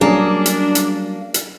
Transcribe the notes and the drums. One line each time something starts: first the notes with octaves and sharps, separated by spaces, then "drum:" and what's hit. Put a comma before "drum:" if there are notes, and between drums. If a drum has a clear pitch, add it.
F#3 G3 A#3 C#4 D4 G#4
drum: hi-hat
drum: hi-hat
drum: hi-hat